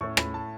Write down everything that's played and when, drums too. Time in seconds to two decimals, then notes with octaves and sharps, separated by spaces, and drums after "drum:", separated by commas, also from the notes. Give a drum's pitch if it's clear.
0.01 A2 A3 C#4 C#6
0.17 B5, drum: rim click
0.34 A5